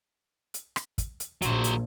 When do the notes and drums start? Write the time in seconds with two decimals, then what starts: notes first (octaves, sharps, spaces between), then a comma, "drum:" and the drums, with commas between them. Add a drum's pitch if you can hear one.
0.54 drum: hi-hat
0.76 drum: rim click
0.98 drum: kick, hi-hat
1.20 drum: hi-hat
1.42 A#1 F#3 C5, drum: hi-hat
1.64 drum: hi-hat